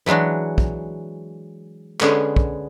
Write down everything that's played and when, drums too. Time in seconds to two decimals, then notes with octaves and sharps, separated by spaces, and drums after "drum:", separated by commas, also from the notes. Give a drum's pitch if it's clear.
0.06 E3 F#3 G#3 D4 F#4
0.58 drum: kick
2.01 D3 G#3 B3 C#4, drum: clap
2.36 drum: kick